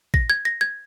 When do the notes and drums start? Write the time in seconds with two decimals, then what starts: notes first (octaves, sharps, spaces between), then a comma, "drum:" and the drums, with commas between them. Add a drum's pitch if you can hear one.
0.14 A#6, drum: kick A1
0.30 G#6
0.45 A#6
0.61 G#6